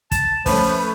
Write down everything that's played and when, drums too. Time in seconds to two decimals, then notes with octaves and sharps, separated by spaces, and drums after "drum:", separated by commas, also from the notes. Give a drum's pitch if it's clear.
0.12 A5, drum: kick, hi-hat
0.46 F3 A3 C#4 B4 B5, drum: kick, open hi-hat